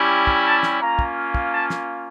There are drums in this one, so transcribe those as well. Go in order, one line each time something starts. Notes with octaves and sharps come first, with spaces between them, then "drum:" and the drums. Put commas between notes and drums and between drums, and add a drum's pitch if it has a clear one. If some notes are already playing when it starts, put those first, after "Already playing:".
Already playing: G3 C#4 E4 G4
drum: kick
A5
drum: snare
A#3 C#4 F4 A#5
drum: kick
drum: kick
A5
drum: snare